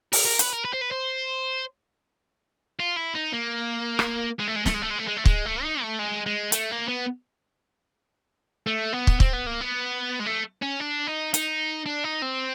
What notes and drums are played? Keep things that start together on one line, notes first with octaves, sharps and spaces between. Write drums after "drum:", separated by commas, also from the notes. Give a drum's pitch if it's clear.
A#4, drum: open hi-hat
A#4
B4, drum: hi-hat
A#4
B4
C5
B4
C5
F4
E4
D#4
A#3
drum: rim click
G#3
A3
G#3
A3, drum: snare
G#3
A3
G#3
A3
G#3
A3
G#3, drum: kick
A3
D#4
A3
G#3
G#3
A3, drum: hi-hat
A#3
B3
A3
B3
drum: kick
C4, drum: kick
B3
A#3
B3
G#3
A3
C#4
D4
D#4
D#4, drum: hi-hat
D4
D#4
C4